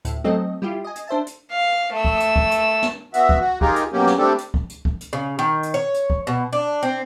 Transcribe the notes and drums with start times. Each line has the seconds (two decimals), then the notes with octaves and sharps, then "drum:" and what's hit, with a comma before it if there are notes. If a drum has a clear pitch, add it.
0.05 D2 A2, drum: hi-hat
0.24 F#3 A3 C4 A4 D#5
0.62 G3 E4 F4 G4
0.84 D#5 G#5
0.95 drum: hi-hat
1.08 D4 C5 E5 A5
1.27 drum: hi-hat
1.51 F5
1.93 A3 E6
2.05 drum: kick C#2
2.20 drum: hi-hat
2.36 drum: kick C#2
2.51 drum: hi-hat
2.82 drum: snare
3.14 B3 F#4 E5, drum: hi-hat
3.29 drum: kick C#2
3.40 F#4
3.61 D#4 F4 G4 G#4 A#4, drum: kick C#2
3.76 drum: hi-hat
3.93 B2 F#3 A#3 C#4 G4
4.07 drum: snare
4.18 G3 A3 C4 D4 G4 A4
4.38 drum: hi-hat
4.54 drum: kick C#2
4.70 drum: hi-hat
4.85 drum: kick C#2
5.01 drum: hi-hat
5.13 C#3
5.39 D#3
5.63 drum: hi-hat
5.74 C#5
5.94 drum: hi-hat
6.10 drum: kick C#2
6.27 B2
6.53 D4
6.83 C4